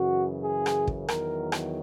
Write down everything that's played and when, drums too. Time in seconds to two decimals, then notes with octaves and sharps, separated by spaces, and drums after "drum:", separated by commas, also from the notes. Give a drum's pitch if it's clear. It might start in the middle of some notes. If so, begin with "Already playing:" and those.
Already playing: F#2 C#3 E3 F#4
0.44 G#4
0.66 drum: rim click
0.87 drum: kick
1.08 E2 D#3 F#3 A#4, drum: rim click
1.52 drum: rim click